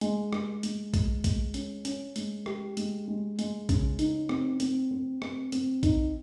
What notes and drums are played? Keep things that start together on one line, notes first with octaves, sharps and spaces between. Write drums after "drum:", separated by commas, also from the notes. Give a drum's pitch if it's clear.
G#3, drum: hi-hat
G#3, drum: rim click
G#3, drum: hi-hat
G#3, drum: kick, hi-hat
G#3, drum: kick, hi-hat
C#4, drum: hi-hat
C#4, drum: hi-hat
G#3, drum: hi-hat
G4, drum: rim click
G#3, drum: hi-hat
G#3
G#3, drum: hi-hat
C#3, drum: kick, hi-hat
D#4, drum: hi-hat
C4, drum: rim click
C4, drum: hi-hat
C4
C4, drum: rim click
C4, drum: hi-hat
D#4, drum: kick, hi-hat